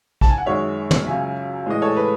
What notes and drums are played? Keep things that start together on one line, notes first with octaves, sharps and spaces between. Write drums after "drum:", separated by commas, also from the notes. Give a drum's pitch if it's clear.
A5, drum: kick A#1
G#5
F#5
F#2 D#3 G#3 C#5 E5
drum: tom
C#2 C#3 F#3 E5 G#5
A2 E3 G#3 D#5
A4 C#5
B4